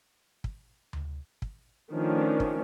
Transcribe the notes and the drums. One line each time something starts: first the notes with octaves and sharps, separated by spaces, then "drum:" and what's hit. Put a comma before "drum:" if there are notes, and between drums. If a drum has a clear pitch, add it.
drum: kick
drum: tom D2
drum: kick
D#3 F3 A3 C#4 D4
drum: kick